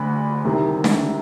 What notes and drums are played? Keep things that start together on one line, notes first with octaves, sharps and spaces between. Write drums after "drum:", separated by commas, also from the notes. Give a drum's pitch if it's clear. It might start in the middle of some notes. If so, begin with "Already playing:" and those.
Already playing: D2 D3 B5
C2 C3 D#3
drum: snare